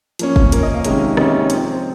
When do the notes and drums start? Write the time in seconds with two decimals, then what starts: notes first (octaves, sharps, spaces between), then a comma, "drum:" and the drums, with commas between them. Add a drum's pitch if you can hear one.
0.19 F3 A#3 C#4, drum: hi-hat
0.36 drum: kick F#1
0.52 F3 A#3 C#4 A#4, drum: hi-hat
0.63 D#5
0.74 F5
0.85 C3 D#3 G#3 C#4, drum: hi-hat
1.17 C3 D#3 G#3 C#4 D#5, drum: rim click
1.28 D#5
1.39 C#5
1.50 F3 C4, drum: hi-hat
1.72 C5